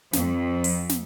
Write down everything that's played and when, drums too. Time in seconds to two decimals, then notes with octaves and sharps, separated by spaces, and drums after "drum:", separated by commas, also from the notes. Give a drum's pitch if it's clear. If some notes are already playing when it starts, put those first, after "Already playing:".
0.13 F2, drum: snare
0.64 drum: open hi-hat
0.89 drum: snare